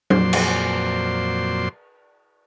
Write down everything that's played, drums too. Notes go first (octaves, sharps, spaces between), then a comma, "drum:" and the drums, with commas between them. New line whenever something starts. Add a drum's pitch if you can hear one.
F2 A#2 F#3 C5 D5 C6, drum: tom F#3
drum: cymbal